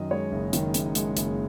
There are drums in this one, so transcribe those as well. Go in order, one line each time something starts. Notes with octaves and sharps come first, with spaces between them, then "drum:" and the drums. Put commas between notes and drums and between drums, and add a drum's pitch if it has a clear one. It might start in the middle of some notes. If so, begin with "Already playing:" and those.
Already playing: F#2 D#3 D#5
G#3 C#5
F#1
D#3, drum: hi-hat
F#2, drum: hi-hat
G#3, drum: hi-hat
F#1, drum: hi-hat